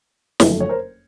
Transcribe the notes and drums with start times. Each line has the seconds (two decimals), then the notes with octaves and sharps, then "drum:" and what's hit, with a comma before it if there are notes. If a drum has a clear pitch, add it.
0.40 F#1 F2 D3 F#3 A3, drum: snare
0.60 C#5
0.69 A#4 C5